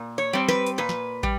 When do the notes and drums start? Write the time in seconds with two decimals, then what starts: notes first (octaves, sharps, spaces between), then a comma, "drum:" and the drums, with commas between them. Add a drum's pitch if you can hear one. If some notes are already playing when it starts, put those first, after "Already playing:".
Already playing: A#2
0.18 C#5
0.33 G3 C4
0.48 B4, drum: snare
0.66 drum: hi-hat
0.78 A#2 B4
0.89 drum: snare
1.23 G3, drum: kick